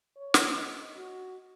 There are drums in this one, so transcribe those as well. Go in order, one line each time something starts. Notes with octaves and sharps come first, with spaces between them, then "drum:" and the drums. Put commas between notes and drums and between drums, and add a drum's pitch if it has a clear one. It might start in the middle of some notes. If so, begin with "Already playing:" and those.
C#5
drum: snare
D#5
F#4